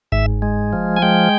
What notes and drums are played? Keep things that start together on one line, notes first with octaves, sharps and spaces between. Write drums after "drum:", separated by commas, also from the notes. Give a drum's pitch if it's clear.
G#2 E5, drum: kick G1
G#3
F3
G#5
G#3 G5